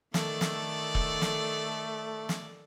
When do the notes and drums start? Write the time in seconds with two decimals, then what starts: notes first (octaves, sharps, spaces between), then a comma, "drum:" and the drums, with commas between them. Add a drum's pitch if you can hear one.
0.14 D#3 A3 A4 D5, drum: snare
0.41 drum: snare
0.95 drum: kick E1
1.22 drum: snare
2.29 drum: snare